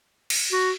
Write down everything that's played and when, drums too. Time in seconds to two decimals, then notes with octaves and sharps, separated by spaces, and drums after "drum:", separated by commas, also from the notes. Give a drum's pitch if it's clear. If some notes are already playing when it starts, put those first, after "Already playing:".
0.30 drum: cymbal
0.52 F#4